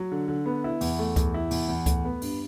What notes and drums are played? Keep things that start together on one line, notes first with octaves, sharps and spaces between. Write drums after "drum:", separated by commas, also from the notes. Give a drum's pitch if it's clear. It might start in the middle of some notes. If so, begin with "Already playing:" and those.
Already playing: F#3
D3
D3
B3
E4
E2, drum: open hi-hat
A3
E2, drum: kick C#2, hi-hat
E4
E2, drum: open hi-hat
E2
A3, drum: kick C#2, hi-hat
B3
G2, drum: open hi-hat